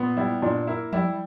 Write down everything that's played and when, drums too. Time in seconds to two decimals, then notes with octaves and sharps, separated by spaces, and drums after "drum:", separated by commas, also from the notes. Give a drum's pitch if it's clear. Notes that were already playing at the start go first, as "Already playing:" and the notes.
Already playing: A#2 B3
0.17 G3 E4
0.42 A#2 D4
0.67 A#3 E4
0.93 G3 E4, drum: tom F3